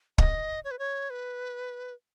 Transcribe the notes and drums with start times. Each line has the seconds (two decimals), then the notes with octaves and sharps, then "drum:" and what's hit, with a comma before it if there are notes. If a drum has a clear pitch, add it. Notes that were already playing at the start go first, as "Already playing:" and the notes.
0.18 D#5, drum: kick
0.65 C#5
0.71 B4
0.79 C#5
1.10 B4